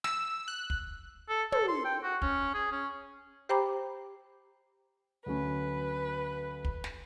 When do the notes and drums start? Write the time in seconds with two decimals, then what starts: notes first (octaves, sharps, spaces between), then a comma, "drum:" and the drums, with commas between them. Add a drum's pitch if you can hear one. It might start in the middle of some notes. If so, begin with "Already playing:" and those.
0.04 E6, drum: snare
0.48 F#6
0.70 drum: kick
1.29 A4
1.52 A4, drum: tom
1.68 C6
1.85 G5
2.03 F#4
2.22 C#4, drum: kick
2.54 G#4
2.72 C#4
3.49 G4 C5 G5 A#5 B5 D6
5.26 D2 F#3 C#4 B4
6.65 drum: kick
6.84 drum: snare